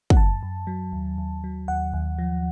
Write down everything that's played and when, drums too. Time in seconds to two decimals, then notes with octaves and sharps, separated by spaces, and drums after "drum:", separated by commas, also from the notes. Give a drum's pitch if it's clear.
0.10 F#5, drum: kick
0.17 F#2 A5
0.43 F#2
0.67 F#3
0.93 D#2
1.18 D#2
1.44 F#3
1.68 D#2 F#5
1.94 D#2
2.18 F3